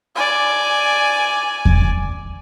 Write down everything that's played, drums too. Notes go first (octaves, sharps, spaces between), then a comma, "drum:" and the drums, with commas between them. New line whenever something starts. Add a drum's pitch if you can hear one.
D5 G#5
drum: kick E2